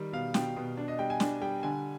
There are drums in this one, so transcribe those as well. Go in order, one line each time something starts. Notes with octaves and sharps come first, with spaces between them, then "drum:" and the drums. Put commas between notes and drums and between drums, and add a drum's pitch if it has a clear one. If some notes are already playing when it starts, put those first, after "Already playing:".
Already playing: D#3 G3
B2 F5
B2 G5, drum: snare
B2
D4
D#5
G3 G5
G#5
D4, drum: snare
G3 G5
D3 G#5